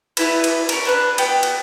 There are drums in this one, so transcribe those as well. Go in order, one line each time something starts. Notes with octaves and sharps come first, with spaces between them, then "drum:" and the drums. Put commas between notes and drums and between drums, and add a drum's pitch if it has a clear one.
B3 E4 B4, drum: cymbal
drum: cymbal
C#4 A#4, drum: cymbal
D4 B4 F#6
B3 G5, drum: cymbal
drum: cymbal